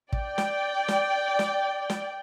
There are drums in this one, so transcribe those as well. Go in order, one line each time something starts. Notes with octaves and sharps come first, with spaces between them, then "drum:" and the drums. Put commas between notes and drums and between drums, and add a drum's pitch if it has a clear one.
D5 G5, drum: kick
drum: snare
drum: snare
drum: snare
drum: snare